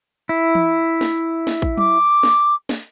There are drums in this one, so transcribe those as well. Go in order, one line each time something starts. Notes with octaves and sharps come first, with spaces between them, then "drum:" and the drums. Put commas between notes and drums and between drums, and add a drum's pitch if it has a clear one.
E4
drum: tom E3
drum: snare
drum: snare
drum: kick A1
D6, drum: tom F#3
drum: snare
drum: snare